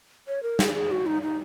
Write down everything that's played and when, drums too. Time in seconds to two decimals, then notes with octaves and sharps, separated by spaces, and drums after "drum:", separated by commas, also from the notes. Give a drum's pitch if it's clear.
0.28 C#5
0.43 A#4
0.59 G#4, drum: snare
0.74 G#4
0.91 F#4
1.06 D#4
1.22 D#4